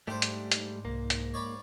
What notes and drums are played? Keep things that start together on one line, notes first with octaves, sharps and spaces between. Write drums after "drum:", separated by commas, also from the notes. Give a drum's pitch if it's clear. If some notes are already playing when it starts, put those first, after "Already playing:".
G#2 G3 A3 D4 G4 C5
drum: hi-hat
drum: hi-hat
C2 A#3
drum: hi-hat
C#5 D5 B5